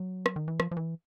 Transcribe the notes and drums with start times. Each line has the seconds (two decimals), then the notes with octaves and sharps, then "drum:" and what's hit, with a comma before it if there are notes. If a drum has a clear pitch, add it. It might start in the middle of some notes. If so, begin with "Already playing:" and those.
Already playing: F#3
0.26 drum: rim click
0.36 D#3
0.48 E3
0.60 F3, drum: rim click
0.71 F3
0.77 E3